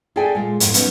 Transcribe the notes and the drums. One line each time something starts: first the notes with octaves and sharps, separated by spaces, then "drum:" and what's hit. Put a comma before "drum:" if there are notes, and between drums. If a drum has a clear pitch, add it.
G#4 A4 D5 E5 G5 G#5
A#2 G#3
F2 A2 F#3, drum: hi-hat
F#3 B3 C#4 D#4, drum: hi-hat